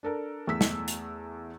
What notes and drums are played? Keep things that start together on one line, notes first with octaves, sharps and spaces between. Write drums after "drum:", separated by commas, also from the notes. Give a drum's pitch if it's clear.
D4 A4 A#4
E2 A3 E6 B6
drum: snare
drum: hi-hat